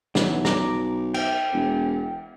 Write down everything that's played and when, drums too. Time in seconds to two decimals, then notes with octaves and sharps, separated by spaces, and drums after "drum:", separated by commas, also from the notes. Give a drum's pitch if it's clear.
0.15 B1 E3 F#3, drum: snare
0.45 A#5 D6, drum: snare
1.14 G5, drum: cymbal
1.53 E1